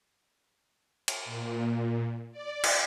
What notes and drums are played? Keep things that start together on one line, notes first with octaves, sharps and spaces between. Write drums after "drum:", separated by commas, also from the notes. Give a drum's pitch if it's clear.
drum: cymbal
A#2
D5
drum: cymbal